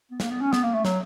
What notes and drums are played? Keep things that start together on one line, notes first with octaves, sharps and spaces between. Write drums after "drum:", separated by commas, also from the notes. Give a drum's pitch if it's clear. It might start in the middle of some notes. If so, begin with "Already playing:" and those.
B3
A#3, drum: snare
B3
C#4
B3, drum: snare
A#3
A3
F#3, drum: snare